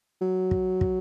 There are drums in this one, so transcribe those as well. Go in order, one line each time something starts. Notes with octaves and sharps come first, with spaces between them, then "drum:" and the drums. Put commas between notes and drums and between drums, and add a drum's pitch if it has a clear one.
F#3
drum: kick
drum: kick